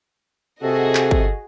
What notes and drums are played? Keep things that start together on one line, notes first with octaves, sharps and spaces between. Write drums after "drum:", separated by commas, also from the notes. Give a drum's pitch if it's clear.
C3 F#4 G#4 A4 D#5
drum: clap
drum: kick